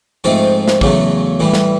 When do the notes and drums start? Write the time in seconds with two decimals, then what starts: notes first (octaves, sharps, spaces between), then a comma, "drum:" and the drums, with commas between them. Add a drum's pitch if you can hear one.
0.24 G#2 F3 A3 C4 F4
0.68 drum: snare
0.81 E2 C#3 F#3 A3, drum: kick
1.40 A2 E3 G3
1.53 drum: snare